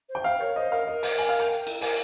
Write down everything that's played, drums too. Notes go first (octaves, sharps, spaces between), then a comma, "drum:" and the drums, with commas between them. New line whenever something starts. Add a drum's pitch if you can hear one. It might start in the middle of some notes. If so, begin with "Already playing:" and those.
C5
G5
C5 F5
C5
A#4 C#5
C5 D#5
A#4 F5
A#4 D#5
G5, drum: open hi-hat
G#5
F5
G5
drum: cymbal
A#4 G#5, drum: open hi-hat